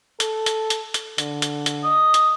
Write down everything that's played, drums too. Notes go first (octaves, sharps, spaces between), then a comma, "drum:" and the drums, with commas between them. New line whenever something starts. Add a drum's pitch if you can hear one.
A4, drum: hi-hat
drum: hi-hat
drum: hi-hat
drum: hi-hat
D3, drum: hi-hat
drum: hi-hat
drum: hi-hat
D#5
drum: hi-hat